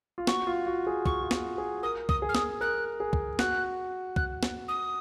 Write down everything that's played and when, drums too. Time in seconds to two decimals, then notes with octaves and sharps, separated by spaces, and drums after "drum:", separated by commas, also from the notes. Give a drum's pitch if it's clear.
0.18 F4
0.27 F#4 C#6, drum: snare
0.47 F4
0.66 F#4
0.87 G#4
1.06 C#6, drum: kick C2
1.22 F4
1.31 F#4, drum: snare
1.58 G#4
1.83 A#4 D#6
2.09 D#6, drum: kick C2
2.22 G#4
2.29 F6
2.35 D#6, drum: snare
2.61 A#4 F#6
3.00 G#4
3.13 drum: kick C2
3.39 F#4 F#6, drum: snare
4.16 F#6, drum: kick C2
4.43 drum: snare
4.68 D#6